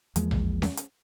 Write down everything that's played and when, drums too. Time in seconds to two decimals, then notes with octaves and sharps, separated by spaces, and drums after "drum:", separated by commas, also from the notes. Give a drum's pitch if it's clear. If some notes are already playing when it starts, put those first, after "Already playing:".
0.16 E2 F3 G#3 A#3, drum: hi-hat
0.31 drum: tom A#1
0.62 drum: snare C#4
0.77 drum: hi-hat